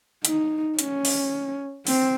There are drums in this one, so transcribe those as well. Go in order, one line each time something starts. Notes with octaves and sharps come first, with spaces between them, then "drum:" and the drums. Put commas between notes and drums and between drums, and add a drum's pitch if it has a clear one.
D#4, drum: hi-hat
C#4, drum: hi-hat
drum: open hi-hat
C4, drum: open hi-hat